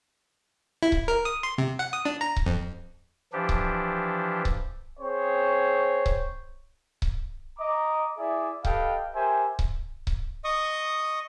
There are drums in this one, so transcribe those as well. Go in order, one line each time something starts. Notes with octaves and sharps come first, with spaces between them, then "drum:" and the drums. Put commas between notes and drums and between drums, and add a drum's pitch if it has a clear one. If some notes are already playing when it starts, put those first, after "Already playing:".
E4
drum: kick C#1
A#4
D#6
C6
C3
F#5
D#6
D4
A#5
drum: kick C#1
F2
E3 F3 D4 G4
drum: kick C#1
drum: kick C#1
C4 G#4 C5 C#5
drum: kick C#1
drum: kick C#1
D#5 A#5 D6
E4 G#4 D5 E5
G4 A4 B4 D#5 F5 G5, drum: kick C#1
G4 A#4 C5 E5 G#5
drum: kick C#1
drum: kick C#1
D#5 C#6 D#6